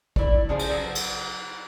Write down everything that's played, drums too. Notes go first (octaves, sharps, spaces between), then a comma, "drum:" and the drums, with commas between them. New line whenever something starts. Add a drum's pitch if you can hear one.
E4 D5, drum: kick
C#3 F3 G#4 C5 D5
drum: cymbal
F#3
drum: cymbal